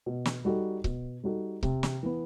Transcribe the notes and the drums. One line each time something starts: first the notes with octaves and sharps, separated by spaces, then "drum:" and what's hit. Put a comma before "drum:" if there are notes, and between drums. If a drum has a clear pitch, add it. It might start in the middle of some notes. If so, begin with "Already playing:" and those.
B2
drum: snare
G3 D#4 F#4 A4
B2, drum: kick C#1
G3 D#4 F#4 A4
C3, drum: kick C#1
drum: snare
E3 B3